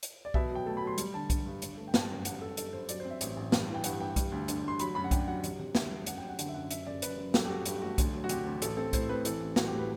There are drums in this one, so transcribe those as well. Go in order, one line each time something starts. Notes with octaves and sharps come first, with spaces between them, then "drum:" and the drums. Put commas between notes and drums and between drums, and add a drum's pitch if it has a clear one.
drum: hi-hat
D5
B2 E5, drum: kick B1
F#3 G5
A3 A5
B5
F#3
C6
G3, drum: hi-hat
D3 A5
D3, drum: kick B1, hi-hat
G2
G1, drum: hi-hat
A3
G5
G1 A5, drum: snare
F#2
G2 F#5, drum: hi-hat
G2 A4
G2 A4, drum: hi-hat
G2 C5
F#3 D5, drum: hi-hat
C5
C4
E5
A1, drum: hi-hat
A1
G2, drum: snare
E3
G5
G2 F#5, drum: hi-hat
G2 G5
G3, drum: kick B1, hi-hat
D2
D3, drum: hi-hat
D2 C6
F#3 B5, drum: hi-hat
F#2 B5
F#5
D4 G5, drum: kick B1, hi-hat
F#3 F#5
C3, drum: hi-hat
C3
D2 E5, drum: snare
G3
F#2 F#5, drum: hi-hat
G5
F#2
F#5
D3 F#5, drum: hi-hat
E5
F#2 F#5
F#2 E5, drum: hi-hat
F#1 D5
F#2 B4, drum: hi-hat
F#2
F#3 A4, drum: snare
G4
F#3 F#4
G2 G4, drum: hi-hat
A3 F#4
D2, drum: kick B1, hi-hat
F#3
F#4
C3 G4, drum: hi-hat
D2
A1 A4, drum: hi-hat
C4 A4
A2 C5, drum: kick B1, hi-hat
C4 B4
E3 A4, drum: hi-hat
A1
A1 F#4, drum: snare
G4
A2
B4